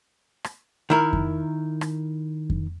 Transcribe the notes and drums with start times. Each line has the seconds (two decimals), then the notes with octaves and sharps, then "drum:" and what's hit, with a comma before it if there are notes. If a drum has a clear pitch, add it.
0.44 drum: rim click
0.90 D#3 E4 A#4
1.13 drum: kick F2
1.81 drum: rim click
2.50 drum: kick F2